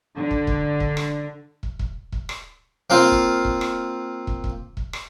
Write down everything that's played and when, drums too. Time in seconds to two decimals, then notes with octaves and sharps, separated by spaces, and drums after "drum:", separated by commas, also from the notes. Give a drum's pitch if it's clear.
0.14 D3
0.31 drum: kick
0.47 drum: kick
0.80 drum: kick
0.97 drum: rim click
1.63 drum: kick
1.79 drum: kick
2.12 drum: kick
2.29 drum: rim click
2.90 A#3 C4 F4
3.12 drum: kick
3.45 drum: kick
3.61 drum: rim click
4.27 drum: kick
4.44 drum: kick
4.77 drum: kick
4.93 drum: rim click